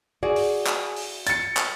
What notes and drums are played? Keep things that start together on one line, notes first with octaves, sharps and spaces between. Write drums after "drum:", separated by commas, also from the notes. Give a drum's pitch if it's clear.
F#4 G#4 D5
drum: open hi-hat
drum: clap
drum: open hi-hat
A6 C#7, drum: hi-hat
drum: clap